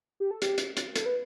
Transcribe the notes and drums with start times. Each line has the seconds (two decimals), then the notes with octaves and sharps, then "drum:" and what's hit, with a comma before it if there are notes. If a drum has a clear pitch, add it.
0.20 G4
0.31 A4
0.42 G4, drum: hi-hat
0.58 drum: hi-hat
0.77 drum: hi-hat
0.96 A4, drum: hi-hat
1.06 B4